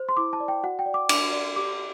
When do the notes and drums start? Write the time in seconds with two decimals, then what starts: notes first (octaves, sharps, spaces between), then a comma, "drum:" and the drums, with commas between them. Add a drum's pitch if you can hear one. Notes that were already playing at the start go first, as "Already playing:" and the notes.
Already playing: C5
0.09 C6
0.17 E4 D6
0.33 A5
0.40 D5
0.48 G5
0.63 F#4 F#5
0.79 G5
0.86 D5
0.94 D6
1.09 D4 D6, drum: cymbal
1.33 D5
1.56 G4 D6